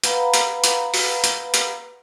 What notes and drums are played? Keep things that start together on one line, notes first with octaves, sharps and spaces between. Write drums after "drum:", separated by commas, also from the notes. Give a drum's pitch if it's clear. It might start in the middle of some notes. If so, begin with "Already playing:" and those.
B4 F5 F#5 A#5 B5, drum: hi-hat
drum: hi-hat
drum: hi-hat
drum: open hi-hat
drum: hi-hat
drum: hi-hat